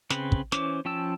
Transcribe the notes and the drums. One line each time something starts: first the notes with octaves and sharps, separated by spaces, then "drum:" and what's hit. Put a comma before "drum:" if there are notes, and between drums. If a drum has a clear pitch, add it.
C#3 C4 B4, drum: snare
drum: kick
E3 C#4 C5 D6, drum: snare
F3 C#4 G5 A5 E6